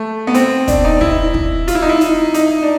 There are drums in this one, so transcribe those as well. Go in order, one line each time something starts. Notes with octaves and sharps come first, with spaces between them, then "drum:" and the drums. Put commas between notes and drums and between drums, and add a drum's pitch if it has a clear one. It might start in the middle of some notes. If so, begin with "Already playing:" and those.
Already playing: A3
B3
C4, drum: hi-hat
D4, drum: kick, hi-hat
D#4
E4, drum: kick
drum: kick
F4, drum: hi-hat
E4
D#4
E4
drum: hi-hat
D#4, drum: hi-hat
D4